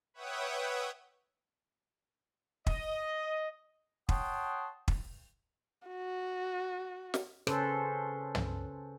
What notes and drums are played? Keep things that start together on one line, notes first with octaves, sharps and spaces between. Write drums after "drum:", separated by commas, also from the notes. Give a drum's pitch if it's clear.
B4 C#5 E5 F#5 G5 D#6
D#5, drum: kick
C#5 F#5 G5 A5 C6 D#6, drum: kick
drum: kick
F#4
drum: snare
C#3 C#4 A4 B4 C5, drum: rim click
drum: tom